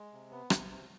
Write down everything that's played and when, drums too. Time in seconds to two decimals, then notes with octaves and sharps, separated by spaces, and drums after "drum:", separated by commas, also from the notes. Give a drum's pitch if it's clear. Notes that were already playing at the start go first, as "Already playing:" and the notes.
Already playing: G#3
0.13 C3
0.31 B3
0.50 C3, drum: rim click
0.70 C3